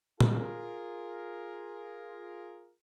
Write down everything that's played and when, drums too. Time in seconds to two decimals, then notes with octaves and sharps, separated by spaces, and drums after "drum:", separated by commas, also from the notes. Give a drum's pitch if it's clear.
0.20 F4 G#4 A#4, drum: tom